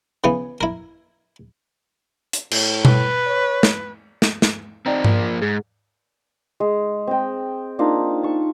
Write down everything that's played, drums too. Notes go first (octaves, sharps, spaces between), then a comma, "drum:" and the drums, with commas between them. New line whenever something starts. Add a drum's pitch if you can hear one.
C#3 E3 B3
E4 A#4
drum: hi-hat
A2, drum: cymbal
B4, drum: tom B2
C#5
drum: snare
drum: snare
drum: snare
C4 D#4 D5 G5 A#5
F3 A#3, drum: tom G#2
G#2 G#4
G#3
C4 D#5 G5
A#3 D4 D#4 F4
A5 C#6